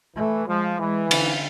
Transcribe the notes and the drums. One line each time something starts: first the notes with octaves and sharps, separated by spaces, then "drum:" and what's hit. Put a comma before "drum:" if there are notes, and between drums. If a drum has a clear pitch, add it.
E3 A3
F3 G#3
E3 G#3
D3, drum: cymbal